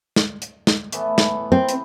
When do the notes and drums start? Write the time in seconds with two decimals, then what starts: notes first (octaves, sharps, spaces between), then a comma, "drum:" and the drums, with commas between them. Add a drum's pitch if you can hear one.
0.16 drum: snare
0.42 drum: hi-hat
0.67 drum: snare
0.92 A2 E3 B3, drum: hi-hat
1.18 drum: snare
1.52 C4
1.69 drum: hi-hat